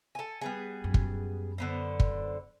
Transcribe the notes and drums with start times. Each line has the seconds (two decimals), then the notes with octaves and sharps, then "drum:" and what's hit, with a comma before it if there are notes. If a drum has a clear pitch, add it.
0.15 A4 G#5
0.41 G3 B3 G#4
0.84 F#2
0.94 drum: kick
1.58 D3 B3 C5
2.00 drum: kick